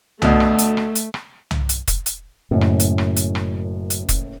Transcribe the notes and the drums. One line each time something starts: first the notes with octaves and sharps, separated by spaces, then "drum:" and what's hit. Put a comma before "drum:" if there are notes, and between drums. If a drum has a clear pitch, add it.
D2 B2 A3, drum: tom C2
drum: rim click
drum: hi-hat
drum: rim click
drum: hi-hat
drum: rim click
drum: tom C2
drum: hi-hat
drum: kick, hi-hat
drum: hi-hat
F#1 F#2 A2
drum: rim click
drum: hi-hat
drum: rim click
drum: hi-hat
drum: rim click
drum: hi-hat
drum: kick, hi-hat